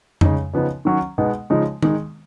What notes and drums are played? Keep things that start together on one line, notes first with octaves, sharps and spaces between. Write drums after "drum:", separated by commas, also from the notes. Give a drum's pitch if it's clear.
C#3 G#3 D#4, drum: tom F2
C#3 F3 B3 D#4
D#3 F#3 C#4
B2 G#3 B3 D#4
C#3 F3 G#3 D#4
D#3 G#3 D#4, drum: tom D#3